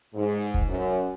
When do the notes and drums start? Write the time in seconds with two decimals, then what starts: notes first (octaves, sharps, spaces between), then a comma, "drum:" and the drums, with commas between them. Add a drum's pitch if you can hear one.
0.13 G#2
0.54 drum: kick
0.68 F#2